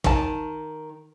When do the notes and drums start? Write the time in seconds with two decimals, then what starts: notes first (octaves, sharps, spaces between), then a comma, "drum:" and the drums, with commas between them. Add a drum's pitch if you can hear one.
0.04 D#3 A5, drum: kick